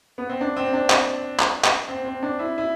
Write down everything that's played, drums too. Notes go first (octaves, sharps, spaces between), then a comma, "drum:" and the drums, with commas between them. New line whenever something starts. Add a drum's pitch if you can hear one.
B3
C4
D4
C4
D4
drum: clap
drum: clap
drum: clap
C4
C4
D4
E4
E4